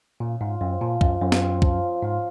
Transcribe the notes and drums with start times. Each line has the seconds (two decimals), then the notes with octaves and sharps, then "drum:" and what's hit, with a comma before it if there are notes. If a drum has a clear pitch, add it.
0.20 A#2 C#3
0.41 G#2 F4
0.61 F#2 C4
0.81 A#2 F3
1.01 F#2 C#3, drum: kick
1.22 F#2 F4
1.32 drum: snare
1.42 C4
1.62 F3, drum: kick
1.83 C#3
2.03 G#2 F4